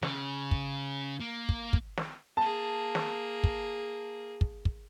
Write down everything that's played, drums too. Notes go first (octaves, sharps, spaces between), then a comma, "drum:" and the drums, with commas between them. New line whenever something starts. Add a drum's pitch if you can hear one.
C#3, drum: snare
drum: kick
A#3
drum: kick
drum: kick
drum: snare
A#3 G#4 A5
drum: snare
drum: kick
drum: kick
drum: kick